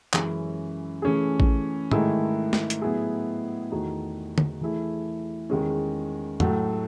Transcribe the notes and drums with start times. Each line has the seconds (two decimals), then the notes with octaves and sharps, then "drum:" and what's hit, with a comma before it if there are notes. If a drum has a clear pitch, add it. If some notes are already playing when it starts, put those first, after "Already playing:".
0.13 F#2 E3 G#3 C#4 E4, drum: clap
1.02 E3 A3 C#4 G#4
1.40 drum: kick A1
1.91 G#2 D#3 A3 E4 G#4, drum: tom A2
2.53 drum: snare
2.70 drum: hi-hat
2.82 A2 F#3 B3 E4 G#4
3.71 E2 D#3 A3 D#4 F#4
4.38 drum: tom D3
4.61 E3 A3 E4 G#4
5.50 E2 D#3 G#3 C#4
6.40 A2 F#3 A3, drum: tom F2